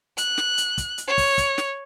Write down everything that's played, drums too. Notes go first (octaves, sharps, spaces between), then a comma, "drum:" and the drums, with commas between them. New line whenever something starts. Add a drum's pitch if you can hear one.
F#6, drum: hi-hat
drum: snare
drum: hi-hat
drum: kick, hi-hat
drum: hi-hat
C#5
drum: kick, open hi-hat
drum: kick, hi-hat
drum: snare